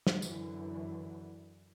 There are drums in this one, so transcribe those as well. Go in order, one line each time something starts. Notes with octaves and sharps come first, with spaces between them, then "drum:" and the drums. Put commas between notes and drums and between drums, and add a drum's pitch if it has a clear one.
drum: snare
F#2 D3 E3, drum: tambourine